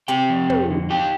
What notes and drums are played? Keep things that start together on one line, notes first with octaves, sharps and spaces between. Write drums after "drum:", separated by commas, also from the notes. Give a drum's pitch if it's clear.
C4 G4 G5, drum: hi-hat
F3
F2, drum: tom
D3
D#4 G4 G5